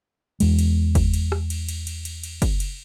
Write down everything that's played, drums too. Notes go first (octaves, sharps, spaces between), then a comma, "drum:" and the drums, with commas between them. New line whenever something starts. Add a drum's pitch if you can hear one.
E2 G#3, drum: cymbal
drum: cymbal
drum: kick F#1, cymbal
drum: cymbal
drum: rim click
drum: cymbal
drum: cymbal
drum: cymbal
drum: cymbal
drum: cymbal
drum: kick F#1, cymbal
drum: cymbal